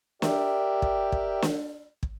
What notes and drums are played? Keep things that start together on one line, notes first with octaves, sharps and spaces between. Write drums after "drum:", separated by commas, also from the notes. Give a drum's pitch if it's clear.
G4 A#4 D5 E5 G5, drum: snare
drum: kick
drum: kick
drum: snare
drum: kick